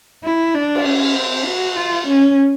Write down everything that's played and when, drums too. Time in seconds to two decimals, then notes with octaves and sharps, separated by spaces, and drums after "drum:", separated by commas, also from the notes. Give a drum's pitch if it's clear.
0.24 E4
0.54 D4
0.75 drum: cymbal
0.85 C#4
1.15 C4
1.46 F#4
1.76 F4
2.08 C#4